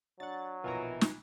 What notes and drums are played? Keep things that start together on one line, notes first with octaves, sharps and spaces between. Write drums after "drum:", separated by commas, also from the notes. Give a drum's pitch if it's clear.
F#3 D4 F#5 A6
A#1 B2 D#3 E3 F4 G#5 A#5
drum: snare